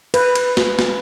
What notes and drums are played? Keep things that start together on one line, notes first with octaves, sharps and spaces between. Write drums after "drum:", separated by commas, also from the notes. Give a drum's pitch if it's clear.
B4, drum: cymbal
drum: cymbal
drum: snare
drum: snare